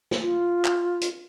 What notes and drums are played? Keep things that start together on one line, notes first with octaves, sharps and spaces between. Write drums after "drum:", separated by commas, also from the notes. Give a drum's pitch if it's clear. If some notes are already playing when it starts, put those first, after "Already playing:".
drum: snare
F4
drum: clap
drum: hi-hat